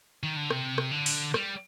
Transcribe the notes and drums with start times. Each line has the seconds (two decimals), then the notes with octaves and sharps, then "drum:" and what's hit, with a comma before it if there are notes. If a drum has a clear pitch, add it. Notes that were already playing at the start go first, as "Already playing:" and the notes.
0.23 D#3
0.36 D3
0.50 C3, drum: rim click
0.78 drum: rim click
0.91 D3
1.06 drum: open hi-hat
1.34 G3, drum: rim click